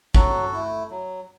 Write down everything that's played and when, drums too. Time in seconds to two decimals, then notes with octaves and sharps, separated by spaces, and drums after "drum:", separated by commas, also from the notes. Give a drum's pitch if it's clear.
0.14 F#3 F#4 A4, drum: kick
0.53 A3 E4
0.90 F#3